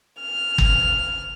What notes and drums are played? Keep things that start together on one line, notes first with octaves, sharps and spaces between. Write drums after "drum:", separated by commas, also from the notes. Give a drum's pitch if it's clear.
F6
drum: kick